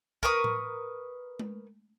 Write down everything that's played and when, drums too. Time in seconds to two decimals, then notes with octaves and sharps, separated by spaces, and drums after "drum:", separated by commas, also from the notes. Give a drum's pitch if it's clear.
0.23 A#4 B4 C#6 D#6, drum: kick
0.44 drum: tom A2
1.39 drum: tom G#3